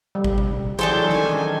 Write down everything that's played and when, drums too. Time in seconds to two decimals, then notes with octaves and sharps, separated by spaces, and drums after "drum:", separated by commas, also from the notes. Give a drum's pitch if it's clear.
0.15 G3
0.24 drum: kick
0.38 drum: tom B2
0.79 E3 F#3 D4 E4 G#4 A4 C5 G5
1.09 D#3 C#4 G#5, drum: snare